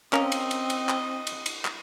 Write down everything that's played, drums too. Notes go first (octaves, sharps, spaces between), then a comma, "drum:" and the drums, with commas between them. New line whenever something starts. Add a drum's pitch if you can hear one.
C4 C#4 A#4 D#5 F5, drum: clap
drum: cymbal
drum: cymbal
drum: cymbal
drum: clap
drum: cymbal
drum: cymbal
drum: clap